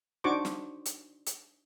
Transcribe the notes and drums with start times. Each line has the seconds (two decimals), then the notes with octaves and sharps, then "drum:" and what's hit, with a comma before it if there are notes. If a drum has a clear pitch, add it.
0.24 D4 D#4 F#4 C5 C#6 D6
0.45 drum: snare
0.86 drum: hi-hat
1.27 drum: hi-hat